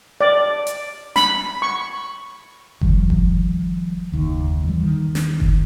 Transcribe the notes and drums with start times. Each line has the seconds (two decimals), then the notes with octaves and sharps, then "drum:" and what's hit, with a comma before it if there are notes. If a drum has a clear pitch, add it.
0.21 D5
0.67 drum: hi-hat
1.16 B5, drum: snare
1.62 C#6
2.81 D#3 F3 G3, drum: kick F#1
3.10 drum: kick F#1
4.12 F#1 D#2 D#3
4.64 E3 G3
4.83 D#3
5.15 drum: snare
5.40 drum: kick F#1